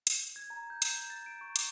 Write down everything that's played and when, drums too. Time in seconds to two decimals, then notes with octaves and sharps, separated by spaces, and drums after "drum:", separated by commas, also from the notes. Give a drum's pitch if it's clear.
0.07 drum: hi-hat
0.36 G#6
0.50 A#5
0.70 G6
0.82 E7, drum: hi-hat
0.97 G6
1.10 A6
1.26 D7
1.41 C#6
1.56 D6, drum: hi-hat